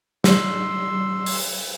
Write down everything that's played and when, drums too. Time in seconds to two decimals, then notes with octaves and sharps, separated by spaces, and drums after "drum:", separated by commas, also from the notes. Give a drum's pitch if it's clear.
0.24 C6 E6, drum: snare
1.26 drum: open hi-hat